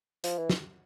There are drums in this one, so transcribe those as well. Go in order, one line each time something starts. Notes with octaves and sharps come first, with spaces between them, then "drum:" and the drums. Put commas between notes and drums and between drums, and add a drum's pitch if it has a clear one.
F3, drum: hi-hat
E3
drum: snare